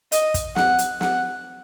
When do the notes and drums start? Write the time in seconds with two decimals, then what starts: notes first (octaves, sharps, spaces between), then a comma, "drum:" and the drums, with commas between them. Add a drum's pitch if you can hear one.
0.12 D#5, drum: hi-hat
0.34 drum: kick, hi-hat
0.56 F#5, drum: snare
0.79 drum: hi-hat
1.01 F#5, drum: snare